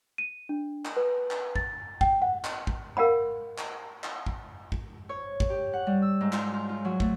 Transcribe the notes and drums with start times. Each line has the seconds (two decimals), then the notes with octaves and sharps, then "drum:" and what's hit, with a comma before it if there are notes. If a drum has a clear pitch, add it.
0.18 D#7
0.49 D4
0.85 drum: clap
0.97 B4
1.31 drum: clap
1.56 A6, drum: kick
2.01 G5, drum: kick
2.22 F#5
2.44 drum: clap
2.67 drum: kick
2.97 A#4 F5 F#5 B5
3.58 drum: clap
4.04 drum: clap
4.26 drum: kick
4.72 drum: kick
5.09 C#5
5.40 drum: kick
5.50 G4
5.73 F#5
5.87 G3
6.02 E6
6.21 G#2
6.33 F4, drum: clap
6.54 F4
6.69 F4
6.85 F#3
7.00 A3, drum: kick